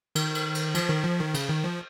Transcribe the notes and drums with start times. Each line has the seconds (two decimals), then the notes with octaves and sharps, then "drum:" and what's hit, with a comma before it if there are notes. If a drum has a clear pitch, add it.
0.15 D#3, drum: cymbal
0.35 drum: cymbal
0.55 drum: cymbal
0.75 F3, drum: cymbal
0.89 D#3
1.05 F3
1.20 D#3
1.34 C#3, drum: cymbal
1.49 D#3
1.64 F3